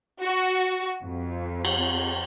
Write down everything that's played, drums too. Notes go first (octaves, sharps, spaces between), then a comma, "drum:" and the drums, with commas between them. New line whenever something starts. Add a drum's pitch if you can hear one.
F#4
F2
drum: cymbal